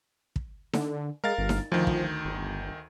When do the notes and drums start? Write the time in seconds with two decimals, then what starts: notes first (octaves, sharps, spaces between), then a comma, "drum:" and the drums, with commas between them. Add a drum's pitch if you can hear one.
0.36 drum: kick
0.73 D3, drum: snare D#4
1.24 G#3 A#4 F5 A6
1.38 G1
1.49 drum: snare D#4
1.72 D2 D#3 F3
1.87 drum: kick
2.25 G1